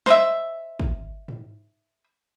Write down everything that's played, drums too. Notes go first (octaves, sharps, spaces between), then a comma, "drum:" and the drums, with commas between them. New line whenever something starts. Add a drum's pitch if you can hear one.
C5 D#5 E5, drum: snare
drum: kick
drum: tom G#2